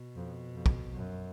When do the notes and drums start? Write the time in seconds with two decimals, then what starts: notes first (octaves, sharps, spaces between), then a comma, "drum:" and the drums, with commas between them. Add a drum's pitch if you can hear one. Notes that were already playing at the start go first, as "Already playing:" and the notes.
Already playing: B2
0.15 F2
0.55 F2
0.66 drum: kick
0.93 F#2